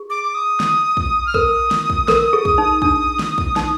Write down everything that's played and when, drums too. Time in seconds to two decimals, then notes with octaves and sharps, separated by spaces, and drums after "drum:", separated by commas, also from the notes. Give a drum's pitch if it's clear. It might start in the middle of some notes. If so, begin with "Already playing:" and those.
Already playing: G#4
0.10 D6
0.24 D6
0.35 D#6
0.60 drum: snare
0.97 drum: kick
1.27 F6
1.34 A#4 D#6, drum: kick
1.71 drum: snare
1.90 drum: kick
2.08 A#4, drum: snare
2.33 G#4
2.45 drum: kick
2.58 D#4
2.82 D4, drum: kick
3.19 drum: snare
3.38 drum: kick
3.56 D#4, drum: snare